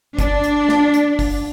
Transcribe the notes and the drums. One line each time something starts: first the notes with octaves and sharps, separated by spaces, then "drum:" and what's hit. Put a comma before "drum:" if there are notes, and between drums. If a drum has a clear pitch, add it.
D4, drum: kick, hi-hat
drum: hi-hat
drum: snare
drum: hi-hat
drum: kick, open hi-hat